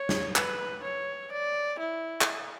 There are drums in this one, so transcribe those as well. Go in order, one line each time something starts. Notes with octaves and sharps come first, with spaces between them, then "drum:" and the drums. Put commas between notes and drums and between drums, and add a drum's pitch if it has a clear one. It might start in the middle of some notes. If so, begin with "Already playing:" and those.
Already playing: C#5
drum: snare
B4, drum: clap
C#5
D5
E4
drum: clap